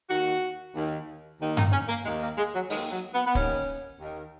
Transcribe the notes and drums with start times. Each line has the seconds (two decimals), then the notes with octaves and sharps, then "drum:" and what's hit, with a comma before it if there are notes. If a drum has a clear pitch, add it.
0.10 D#2 D#3 F#4
0.75 D#2 D#3
1.40 D#2 D#3
1.57 D#4, drum: tom G2
1.72 C#4
1.89 A#3
2.05 D#2 D#3 G#3
2.22 A#3
2.38 G#3
2.55 F#3
2.70 D#2 D#3 G#3, drum: open hi-hat
2.92 F#3
3.14 B3
3.26 B3
3.35 D#2 D#3 C#4, drum: kick
4.00 D#2 D#3